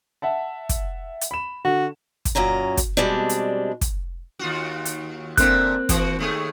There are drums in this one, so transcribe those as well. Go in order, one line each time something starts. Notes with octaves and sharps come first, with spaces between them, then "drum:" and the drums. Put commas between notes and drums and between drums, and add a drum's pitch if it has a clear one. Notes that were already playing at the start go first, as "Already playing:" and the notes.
E5 F#5 A5
drum: kick, hi-hat
drum: hi-hat
B5 E7
D3 F#4
drum: kick, hi-hat
F#2 A#2 C#4 A#5
drum: kick, hi-hat
B2 G3 G#3 C4 D4
drum: hi-hat
drum: kick, hi-hat
D#2 F4 F#4
drum: hi-hat
A#2 D3 A#3 C4 E5 F#6, drum: kick, hi-hat
E3 F#4, drum: kick, hi-hat
D#2 A3 G#4